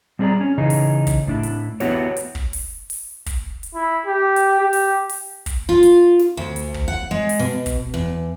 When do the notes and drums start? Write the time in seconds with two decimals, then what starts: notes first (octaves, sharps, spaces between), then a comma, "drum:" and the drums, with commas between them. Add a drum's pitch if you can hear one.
0.19 G3 C4 D4 G#4 D5 A#5
0.41 C#4
0.58 C#3 E3 D#4 G#4
0.70 drum: open hi-hat
1.07 drum: kick, hi-hat
1.28 A2 D4 E4
1.43 drum: hi-hat
1.80 B3 E4 F#4 G4 C#5, drum: snare
2.17 drum: hi-hat
2.35 drum: kick
2.53 drum: open hi-hat
2.90 drum: open hi-hat
3.26 drum: kick, hi-hat
3.63 drum: hi-hat
3.75 E4
4.06 G4
4.36 drum: hi-hat
4.59 G4
4.73 drum: open hi-hat
5.09 drum: open hi-hat
5.46 drum: kick, hi-hat
5.69 F4
5.83 drum: hi-hat
6.19 drum: snare
6.37 D2
6.56 drum: hi-hat
6.74 drum: kick
6.88 F#5
7.11 G#3
7.29 drum: open hi-hat
7.39 B2
7.66 drum: kick, hi-hat
7.94 E2